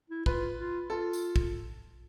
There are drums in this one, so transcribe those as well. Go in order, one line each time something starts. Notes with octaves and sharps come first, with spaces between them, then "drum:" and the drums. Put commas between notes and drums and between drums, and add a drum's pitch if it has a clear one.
E4
F4 B4, drum: kick
F4
F4 A4
drum: tambourine
drum: kick